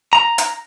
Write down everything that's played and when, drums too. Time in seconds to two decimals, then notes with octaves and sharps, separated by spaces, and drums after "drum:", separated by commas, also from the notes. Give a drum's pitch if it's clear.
0.13 A#5
0.38 drum: hi-hat